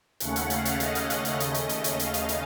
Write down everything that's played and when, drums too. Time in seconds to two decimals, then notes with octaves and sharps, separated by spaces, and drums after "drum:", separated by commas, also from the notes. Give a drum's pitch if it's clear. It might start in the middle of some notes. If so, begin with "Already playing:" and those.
0.20 D#2 C#3 A3 C#4 F#5, drum: hi-hat
0.36 drum: hi-hat
0.50 F5, drum: hi-hat
0.65 drum: hi-hat
0.80 D#5, drum: hi-hat
0.95 drum: hi-hat
1.10 drum: hi-hat
1.25 drum: hi-hat
1.40 D#2 C#3 A3 C#4, drum: hi-hat
1.54 drum: hi-hat
1.69 drum: hi-hat
1.84 drum: hi-hat
2.00 F5, drum: hi-hat
2.14 drum: hi-hat
2.29 drum: hi-hat